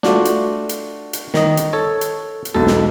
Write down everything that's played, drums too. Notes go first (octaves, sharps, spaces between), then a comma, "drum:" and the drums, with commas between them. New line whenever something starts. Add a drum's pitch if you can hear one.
A3 D4 F4 F#4, drum: snare
drum: hi-hat
drum: hi-hat
drum: hi-hat
D#3 D#5, drum: snare
drum: hi-hat
A4 C#5
drum: hi-hat
drum: hi-hat
E1 B1 A4
drum: snare